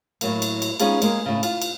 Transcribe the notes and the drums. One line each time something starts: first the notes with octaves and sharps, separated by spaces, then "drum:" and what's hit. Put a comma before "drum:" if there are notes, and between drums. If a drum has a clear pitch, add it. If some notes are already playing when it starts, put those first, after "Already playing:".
A2 F#3 A#3, drum: cymbal
drum: cymbal
drum: cymbal
G#3 B3 C#4 D#4 F4 G#4, drum: cymbal
G#3 A#3, drum: cymbal
A2 C#3
F4, drum: cymbal
drum: cymbal